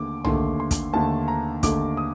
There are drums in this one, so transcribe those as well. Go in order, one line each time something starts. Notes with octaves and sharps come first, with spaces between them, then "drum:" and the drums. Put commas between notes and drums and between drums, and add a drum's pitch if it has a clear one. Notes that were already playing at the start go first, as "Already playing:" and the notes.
Already playing: D#2 D3 A3 D6
D#2 D3 A3 C6, drum: tom
C6
drum: kick, hi-hat
D#2 D3 A3 A5
A#5
D#2 D3 A3 D6, drum: kick, hi-hat
D#6